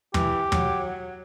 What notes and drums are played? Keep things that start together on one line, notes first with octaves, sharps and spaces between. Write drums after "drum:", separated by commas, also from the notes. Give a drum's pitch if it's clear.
E3 G4, drum: tom
F#3, drum: tom